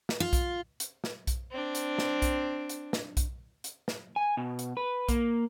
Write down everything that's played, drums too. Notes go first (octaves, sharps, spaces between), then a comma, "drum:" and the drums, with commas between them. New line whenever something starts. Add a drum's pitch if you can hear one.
drum: snare
F4
drum: kick B1, hi-hat
drum: hi-hat
drum: snare
drum: kick B1, hi-hat
C4 D4
drum: hi-hat
drum: snare
drum: kick B1, hi-hat
drum: hi-hat
drum: snare
drum: kick B1, hi-hat
drum: hi-hat
drum: snare
G#5
B2
drum: hi-hat
B4
A#3, drum: kick B1, hi-hat